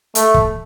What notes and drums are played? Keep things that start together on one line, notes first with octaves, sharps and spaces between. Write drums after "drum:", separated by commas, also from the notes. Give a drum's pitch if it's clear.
A3, drum: hi-hat
drum: kick